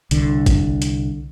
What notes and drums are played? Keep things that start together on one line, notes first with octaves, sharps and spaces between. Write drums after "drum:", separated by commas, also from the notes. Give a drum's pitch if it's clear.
C2 D3, drum: hi-hat
drum: kick G#1, hi-hat
drum: hi-hat